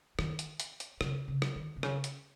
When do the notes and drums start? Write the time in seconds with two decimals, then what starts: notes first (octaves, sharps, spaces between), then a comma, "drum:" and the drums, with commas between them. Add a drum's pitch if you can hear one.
0.19 D#3, drum: rim click
0.39 drum: hi-hat
0.60 drum: hi-hat
0.80 drum: hi-hat
1.01 C#3, drum: rim click
1.28 C#3
1.42 drum: rim click
1.56 D#3
1.76 C3
1.83 C#3, drum: rim click
2.04 drum: hi-hat